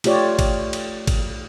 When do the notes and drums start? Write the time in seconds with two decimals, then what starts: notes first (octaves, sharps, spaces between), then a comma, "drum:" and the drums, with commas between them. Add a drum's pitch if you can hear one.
0.04 A3 F4 G4 C#5 D5, drum: cymbal
0.39 drum: kick G#1, cymbal
0.73 drum: cymbal
1.07 drum: kick G#1, cymbal